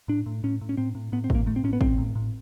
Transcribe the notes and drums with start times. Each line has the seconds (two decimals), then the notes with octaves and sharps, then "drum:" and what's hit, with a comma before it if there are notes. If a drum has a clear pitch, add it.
0.08 A2 D4
0.26 A2
0.44 A2 C#4
0.61 A2
0.69 C#4
0.77 A2 C4
0.95 A2
1.12 A2 B3
1.24 C4
1.30 A2 A#3, drum: kick G#1
1.46 A2 A3
1.56 C4
1.64 A2 C#4
1.73 B3
1.81 A2 C4, drum: kick G#1
1.98 A2
2.15 A2